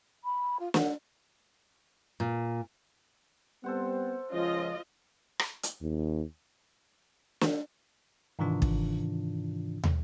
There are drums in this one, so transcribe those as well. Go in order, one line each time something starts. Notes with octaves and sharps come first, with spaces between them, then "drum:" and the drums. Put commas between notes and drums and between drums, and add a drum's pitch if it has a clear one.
B5
F4
F#5, drum: snare
A#2
G3 B3 C4 A4 C5 F#5
C#2 F3 C#4 F4 D#5
drum: rim click
drum: hi-hat
D#2
drum: snare
G#2 C3 D#3 E3 D4 F4
drum: kick
drum: tom